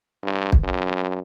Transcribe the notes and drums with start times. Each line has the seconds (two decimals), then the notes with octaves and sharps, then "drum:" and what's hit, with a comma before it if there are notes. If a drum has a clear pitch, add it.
0.23 G2
0.52 drum: kick
0.63 F#2